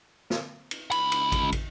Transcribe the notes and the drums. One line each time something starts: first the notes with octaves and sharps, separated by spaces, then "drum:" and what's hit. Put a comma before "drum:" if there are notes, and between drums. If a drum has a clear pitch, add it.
drum: snare
drum: cymbal
C#2 B5, drum: cymbal
drum: cymbal
drum: kick, cymbal
drum: kick, cymbal